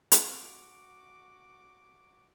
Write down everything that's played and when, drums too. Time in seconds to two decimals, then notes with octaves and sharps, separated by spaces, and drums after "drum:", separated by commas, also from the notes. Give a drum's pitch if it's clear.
0.12 F#4 D6, drum: hi-hat